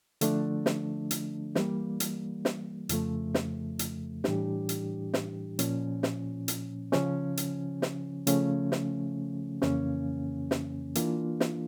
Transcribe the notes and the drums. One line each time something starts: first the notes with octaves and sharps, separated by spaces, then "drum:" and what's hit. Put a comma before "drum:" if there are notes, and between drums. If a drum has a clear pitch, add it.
D3 F3 A3 D4, drum: hi-hat
drum: snare
drum: hi-hat
E3 G3 A#3, drum: snare
drum: hi-hat
drum: snare
F2 C#3 F3 A3, drum: hi-hat
drum: snare
drum: hi-hat
A2 E3 G3 D4 G4, drum: snare
drum: hi-hat
drum: snare
A#2 F3 C#4, drum: hi-hat
drum: snare
drum: hi-hat
C#3 F3 C#4, drum: snare
drum: hi-hat
drum: snare
C#3 F3 A3 C#4, drum: hi-hat
drum: snare
F2 C#3 E3 A#3 C#4, drum: snare
drum: snare
E3 A#3 D4 F4, drum: hi-hat
drum: snare